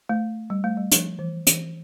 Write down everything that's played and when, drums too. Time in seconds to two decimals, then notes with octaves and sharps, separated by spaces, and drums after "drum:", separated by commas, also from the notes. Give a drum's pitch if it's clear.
0.09 A3
0.50 G3
0.64 A3
0.77 G3
0.92 F3, drum: hi-hat
1.19 E3
1.47 E3, drum: hi-hat